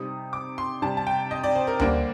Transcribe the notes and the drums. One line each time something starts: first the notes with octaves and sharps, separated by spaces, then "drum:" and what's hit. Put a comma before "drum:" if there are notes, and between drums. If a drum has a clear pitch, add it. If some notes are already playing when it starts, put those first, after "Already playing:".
Already playing: C3 G3 C4 D#4 D#6
D6
C6
C3 G3 D4 A5
A5
G5
D#5
D5
C5
A#4
D3 G3 A#3 D4 C5, drum: tom D2